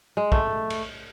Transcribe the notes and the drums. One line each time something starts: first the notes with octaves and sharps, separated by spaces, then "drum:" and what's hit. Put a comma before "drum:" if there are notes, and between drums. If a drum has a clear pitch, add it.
G#3
A3, drum: kick
drum: cymbal